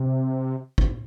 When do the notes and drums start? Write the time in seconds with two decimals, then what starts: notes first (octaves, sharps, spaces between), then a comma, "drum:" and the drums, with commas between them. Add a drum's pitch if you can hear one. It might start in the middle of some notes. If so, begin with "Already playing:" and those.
Already playing: C3
0.78 drum: kick